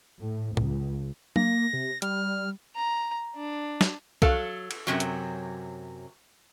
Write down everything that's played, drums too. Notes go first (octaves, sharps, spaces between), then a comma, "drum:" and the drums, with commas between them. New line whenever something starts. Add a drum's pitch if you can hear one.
A2
C#2, drum: tom A2
A#3 A#6, drum: tom F#3
C3
G3 F6, drum: hi-hat
A#5
D4
drum: snare
F#3 A4 F5, drum: kick C2
drum: cymbal
F#2 C3 F#3
drum: hi-hat